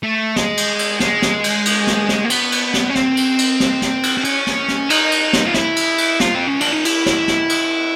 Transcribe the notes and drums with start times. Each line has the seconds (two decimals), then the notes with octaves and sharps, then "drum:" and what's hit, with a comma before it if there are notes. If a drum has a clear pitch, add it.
0.03 A3
0.36 G#3, drum: snare
0.57 drum: cymbal
0.79 drum: cymbal
1.00 G#3, drum: snare
1.22 drum: snare
1.44 drum: cymbal
1.65 drum: cymbal
1.87 drum: snare
2.09 drum: snare
2.25 A#3
2.30 B3, drum: cymbal
2.52 drum: cymbal
2.74 drum: snare
2.90 C#4
2.96 C4, drum: snare
3.17 drum: cymbal
3.39 drum: cymbal
3.60 drum: snare
3.82 drum: snare
4.03 drum: cymbal
4.18 C4
4.24 C#4, drum: cymbal
4.47 drum: snare
4.68 drum: snare
4.90 D#4, drum: cymbal
5.12 drum: cymbal
5.33 drum: snare
5.46 F4
5.54 E4, drum: snare
5.76 drum: cymbal
5.98 drum: cymbal
6.20 F4, drum: snare
6.35 C4
6.47 C#4
6.60 D4, drum: cymbal
6.72 D#4
6.85 E4, drum: cymbal
7.06 drum: snare
7.28 drum: snare
7.49 drum: cymbal